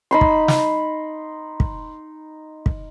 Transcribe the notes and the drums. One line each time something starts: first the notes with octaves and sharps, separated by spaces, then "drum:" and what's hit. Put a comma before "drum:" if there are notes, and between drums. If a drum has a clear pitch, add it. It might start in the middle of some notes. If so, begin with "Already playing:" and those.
D#4 B5 C6
drum: kick
drum: snare
drum: kick
drum: kick